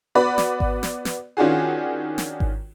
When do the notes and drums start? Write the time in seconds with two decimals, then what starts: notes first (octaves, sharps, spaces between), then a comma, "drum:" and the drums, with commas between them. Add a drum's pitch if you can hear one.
0.15 B3 F#4 B4 D5 B5
0.38 drum: snare
0.60 drum: kick G#1
0.83 drum: snare
1.05 drum: snare
1.37 D#3 C#4 D4 F4 F#4 G#4
2.18 drum: snare
2.40 drum: kick G#1